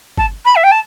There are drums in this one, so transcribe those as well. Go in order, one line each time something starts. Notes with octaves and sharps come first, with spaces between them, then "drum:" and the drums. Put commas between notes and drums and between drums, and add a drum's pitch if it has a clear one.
A5, drum: kick G1
B5
E5
G5
A5